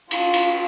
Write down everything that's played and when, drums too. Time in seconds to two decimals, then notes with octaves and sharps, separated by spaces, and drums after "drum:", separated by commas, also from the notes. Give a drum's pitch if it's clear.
0.11 F4, drum: cymbal
0.34 drum: cymbal